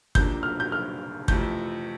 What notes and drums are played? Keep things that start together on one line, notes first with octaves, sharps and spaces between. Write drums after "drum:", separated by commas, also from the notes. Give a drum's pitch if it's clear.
F2 C3 F3 A#3 D4 G6, drum: kick
F6
G6
F6
F2 C3 E3 A3 G6, drum: kick